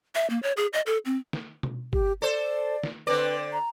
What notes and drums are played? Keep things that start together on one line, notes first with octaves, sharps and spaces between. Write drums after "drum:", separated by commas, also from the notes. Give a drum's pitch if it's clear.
E5
A#3
C#5
G#4
D#5
A4
C4
drum: snare
drum: tom B2
G4, drum: kick G1
A4 C5 D5
drum: snare
D3 C4 B4 D5
A#5